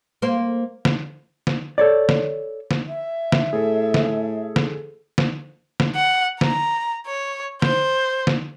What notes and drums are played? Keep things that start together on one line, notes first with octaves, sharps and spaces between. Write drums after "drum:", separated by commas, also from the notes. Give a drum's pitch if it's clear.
A#3 C5
drum: snare
drum: snare
A4 C#5 D5
drum: snare
drum: snare
E5
drum: snare
A2 G#4 A4
drum: snare
drum: snare
drum: snare
drum: snare
F#5
A#5, drum: snare
C#5
C5, drum: snare
drum: snare